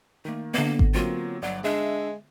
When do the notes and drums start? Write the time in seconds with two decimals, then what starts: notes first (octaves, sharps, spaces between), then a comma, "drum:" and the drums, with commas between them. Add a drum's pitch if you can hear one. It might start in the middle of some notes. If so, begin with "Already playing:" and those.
0.25 D#3 A3 A#3
0.54 D3 A#3 B3 A#6
0.79 drum: kick G#1
0.94 F#3 A#3 C4 F4
1.42 G1 F#3 D5 F#5
1.64 G#3 D4 E5